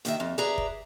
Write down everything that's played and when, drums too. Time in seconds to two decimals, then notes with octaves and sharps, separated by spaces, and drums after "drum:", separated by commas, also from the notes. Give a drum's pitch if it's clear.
0.05 D#2 D#3 E5, drum: hi-hat
0.20 F2
0.38 G#4 B4 D5 E5 A#5
0.58 drum: kick